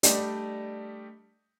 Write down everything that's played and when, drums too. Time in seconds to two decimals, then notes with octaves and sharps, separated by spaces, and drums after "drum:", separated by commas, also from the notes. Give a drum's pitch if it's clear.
0.03 G3 A3 D4 G4 D5 D#5, drum: hi-hat